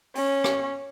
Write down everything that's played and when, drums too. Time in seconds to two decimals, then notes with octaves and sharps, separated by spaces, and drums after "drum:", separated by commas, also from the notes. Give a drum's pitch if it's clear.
0.15 C#4, drum: open hi-hat
0.44 drum: rim click